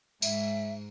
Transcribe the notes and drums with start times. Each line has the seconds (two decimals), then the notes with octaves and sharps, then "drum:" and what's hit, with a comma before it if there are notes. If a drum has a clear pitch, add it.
0.22 G#2 E5, drum: tambourine